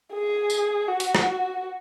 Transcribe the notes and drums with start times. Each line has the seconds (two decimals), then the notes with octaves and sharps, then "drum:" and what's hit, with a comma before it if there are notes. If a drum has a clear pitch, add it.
0.14 G#4
0.50 drum: tambourine
0.88 F#4
1.00 drum: hi-hat
1.15 drum: rim click